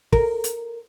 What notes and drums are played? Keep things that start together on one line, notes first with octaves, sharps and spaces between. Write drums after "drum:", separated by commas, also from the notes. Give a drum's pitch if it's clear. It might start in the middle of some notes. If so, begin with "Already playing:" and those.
A#4, drum: kick
drum: hi-hat